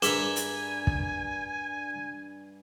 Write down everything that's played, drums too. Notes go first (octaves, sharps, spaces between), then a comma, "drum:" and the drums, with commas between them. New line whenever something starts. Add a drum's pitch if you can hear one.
G2 G#4 A#4 B4 E5 F#5 G#5 D6, drum: hi-hat
drum: hi-hat
drum: kick